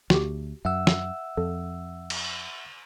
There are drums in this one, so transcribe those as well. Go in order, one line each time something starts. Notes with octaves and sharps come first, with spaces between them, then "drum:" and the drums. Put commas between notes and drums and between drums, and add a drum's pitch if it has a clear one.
D2 F#4 G4, drum: snare
F#2 E5 F#5 E6
drum: snare
F2 A4
drum: cymbal